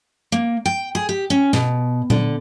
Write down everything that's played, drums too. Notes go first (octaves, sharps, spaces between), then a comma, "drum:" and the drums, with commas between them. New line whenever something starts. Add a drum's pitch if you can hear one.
A#3
G5
G#4
G4
C#4
B2, drum: snare
D3, drum: tom A#2